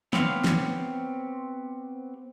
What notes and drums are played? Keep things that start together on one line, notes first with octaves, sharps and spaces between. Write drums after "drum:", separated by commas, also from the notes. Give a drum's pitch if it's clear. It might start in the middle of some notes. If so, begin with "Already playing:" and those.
B3 C4 G4 C#5 F5, drum: snare
drum: snare